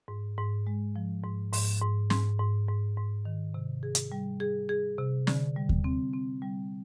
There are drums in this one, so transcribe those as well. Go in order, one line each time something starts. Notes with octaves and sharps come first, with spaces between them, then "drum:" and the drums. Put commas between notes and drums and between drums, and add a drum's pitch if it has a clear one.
G#2
G#2
G#3
F3
G#2
G#2, drum: open hi-hat
G#2
G#2, drum: snare
G#2
G#2
G#2
D#3
C3
G#4
drum: hi-hat
G3
G#4
G#4
C3
D3, drum: snare
G3
drum: kick D#2
C4
C4
G3